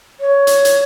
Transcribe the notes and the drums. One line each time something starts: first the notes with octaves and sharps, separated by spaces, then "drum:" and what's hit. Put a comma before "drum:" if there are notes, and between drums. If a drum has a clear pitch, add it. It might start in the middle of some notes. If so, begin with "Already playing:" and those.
C#5
drum: hi-hat
drum: hi-hat